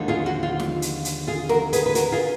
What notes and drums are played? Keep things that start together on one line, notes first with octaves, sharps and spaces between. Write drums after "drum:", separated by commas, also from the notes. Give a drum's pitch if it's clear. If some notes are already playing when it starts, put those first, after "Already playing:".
Already playing: D#2 D3 F3 G#3 D#4
F4 G#4
F#4
F4
drum: snare
drum: hi-hat
drum: hi-hat
F4 G#4
F#4 A#4, drum: snare
G#4 B4, drum: hi-hat
B4
F#4 A#4, drum: hi-hat
F4 G#4